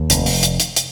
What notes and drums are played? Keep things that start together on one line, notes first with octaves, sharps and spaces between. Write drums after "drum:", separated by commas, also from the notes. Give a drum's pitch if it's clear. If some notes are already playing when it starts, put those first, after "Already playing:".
Already playing: D#2
F1, drum: hi-hat
drum: open hi-hat
drum: hi-hat
drum: hi-hat
drum: hi-hat